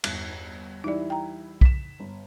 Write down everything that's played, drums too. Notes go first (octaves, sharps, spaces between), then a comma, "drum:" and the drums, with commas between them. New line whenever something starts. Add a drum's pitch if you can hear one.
G1 E2 F#6, drum: cymbal
E3 G3 D#4 E4 D5
G5 A#5
B6 E7, drum: kick B1
G1